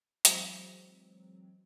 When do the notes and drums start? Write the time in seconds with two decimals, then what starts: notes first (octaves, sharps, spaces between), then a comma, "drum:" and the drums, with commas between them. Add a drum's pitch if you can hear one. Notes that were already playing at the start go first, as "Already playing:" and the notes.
0.25 E3 F#3 G#3 C4, drum: hi-hat